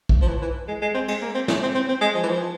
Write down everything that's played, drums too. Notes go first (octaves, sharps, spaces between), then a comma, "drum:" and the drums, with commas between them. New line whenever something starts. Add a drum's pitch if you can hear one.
drum: kick A#1
F3
E3
E3
G#3
G#3
C4
G#3, drum: cymbal
A#3
C4
C#4, drum: snare
C4
C4
C4
G#3
F3
E3
F3